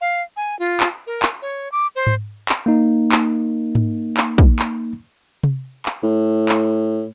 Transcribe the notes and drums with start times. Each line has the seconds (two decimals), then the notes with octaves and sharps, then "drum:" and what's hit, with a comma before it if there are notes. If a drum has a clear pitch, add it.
0.01 F5
0.36 G#5
0.59 F4
0.80 drum: clap
1.07 A#4
1.22 drum: clap
1.42 C#5
1.72 D6
1.96 C5
2.07 drum: tom G#2
2.49 drum: clap
2.66 A#3 D#4
3.12 drum: clap
3.75 drum: tom G#2
4.17 drum: clap
4.38 drum: kick
4.59 drum: clap
5.43 drum: tom C3
5.86 drum: clap
6.03 A2
6.49 drum: clap